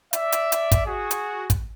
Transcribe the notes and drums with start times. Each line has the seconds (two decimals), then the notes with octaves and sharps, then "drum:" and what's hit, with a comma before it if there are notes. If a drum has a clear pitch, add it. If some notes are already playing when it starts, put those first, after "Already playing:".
0.13 D5 E5, drum: hi-hat
0.32 drum: hi-hat
0.52 drum: hi-hat
0.72 drum: kick, hi-hat
0.86 F#4 G#4
1.11 drum: hi-hat
1.50 drum: kick, hi-hat